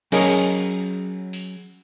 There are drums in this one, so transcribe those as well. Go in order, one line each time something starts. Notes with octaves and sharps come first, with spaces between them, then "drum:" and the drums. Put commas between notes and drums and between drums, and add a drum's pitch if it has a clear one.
F#3 C#4 G#4 A#4 D#5, drum: cymbal
drum: open hi-hat